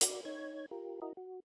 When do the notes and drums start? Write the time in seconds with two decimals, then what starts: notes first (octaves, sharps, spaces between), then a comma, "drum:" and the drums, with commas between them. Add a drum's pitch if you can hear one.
0.01 F#4 D5, drum: hi-hat
0.25 D#4 C#5 G#6
0.71 F4 G4 A#4
1.02 E4 F#4 A#4 D#5
1.17 F#4